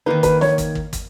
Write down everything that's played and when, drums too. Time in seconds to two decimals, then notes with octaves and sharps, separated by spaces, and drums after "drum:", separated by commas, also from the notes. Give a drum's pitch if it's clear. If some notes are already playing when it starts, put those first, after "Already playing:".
0.06 D#3 A#3 D#4 B4
0.23 B4, drum: kick, hi-hat
0.41 C#5, drum: snare
0.58 drum: kick, hi-hat
0.75 drum: kick
0.93 drum: kick, hi-hat